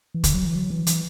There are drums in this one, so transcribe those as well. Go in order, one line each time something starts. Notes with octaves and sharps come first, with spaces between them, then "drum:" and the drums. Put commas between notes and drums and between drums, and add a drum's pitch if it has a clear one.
E3
D3, drum: kick, hi-hat
F#3
E3
F#3
E3
E3, drum: hi-hat